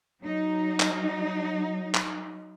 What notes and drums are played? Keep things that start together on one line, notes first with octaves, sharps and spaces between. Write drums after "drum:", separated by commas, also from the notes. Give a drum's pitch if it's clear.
F#3 D#4
drum: clap
drum: clap